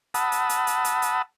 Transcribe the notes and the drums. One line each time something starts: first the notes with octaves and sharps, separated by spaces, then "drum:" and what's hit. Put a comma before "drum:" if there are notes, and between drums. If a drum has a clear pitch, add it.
F#5 A5 B5 D#6 E6, drum: hi-hat
drum: hi-hat
drum: hi-hat
drum: hi-hat
drum: hi-hat
drum: hi-hat